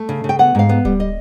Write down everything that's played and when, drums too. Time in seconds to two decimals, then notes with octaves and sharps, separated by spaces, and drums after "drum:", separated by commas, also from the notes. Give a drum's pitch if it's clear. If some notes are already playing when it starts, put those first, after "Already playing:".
Already playing: A3
0.09 C#3
0.24 C#3
0.29 G5
0.39 B3 F#5
0.55 G#2 F5
0.69 B3
0.85 G3, drum: kick D1
1.00 D#5